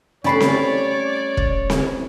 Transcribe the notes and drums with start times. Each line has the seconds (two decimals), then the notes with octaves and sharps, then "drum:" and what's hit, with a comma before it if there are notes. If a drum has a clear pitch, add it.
0.24 G3 A3 C#4 B4 C#5 D5 B5 C7
0.40 drum: snare C4
1.37 drum: kick
1.70 drum: snare C4